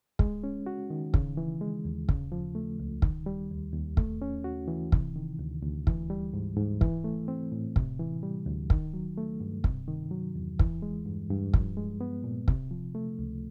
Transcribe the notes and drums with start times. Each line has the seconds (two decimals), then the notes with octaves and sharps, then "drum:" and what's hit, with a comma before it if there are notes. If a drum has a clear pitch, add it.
0.19 G#3, drum: kick
0.44 C#4
0.66 F#4
0.90 D#3
1.14 C#3, drum: kick
1.37 E3
1.61 G#3
1.85 D#2
2.09 C#3, drum: kick
2.32 F3
2.55 A3
2.79 C#2
3.02 D#3, drum: kick
3.26 G3
3.50 D#2
3.73 D#2
3.97 A3, drum: kick
4.22 C#4
4.44 F#4
4.68 E3
4.92 C3, drum: kick
5.16 D#3
5.39 D2
5.63 D2
5.87 E3, drum: kick
6.10 G3
6.34 G#2
6.57 G#2
6.81 E3, drum: kick
7.04 A3
7.28 C4
7.52 A2
7.76 C3, drum: kick
7.99 E3
8.23 G3
8.46 D2
8.70 D#3, drum: kick
8.94 F#3
9.17 A3
9.40 G2
9.64 C3, drum: kick
9.88 D#3
10.11 F#3
10.35 E2
10.59 E3, drum: kick
10.82 G#3
11.05 G2
11.30 G2
11.54 F3, drum: kick
11.77 G#3
12.01 B3
12.24 A#2
12.48 C3, drum: kick
12.71 F3
12.95 A3
13.19 C#2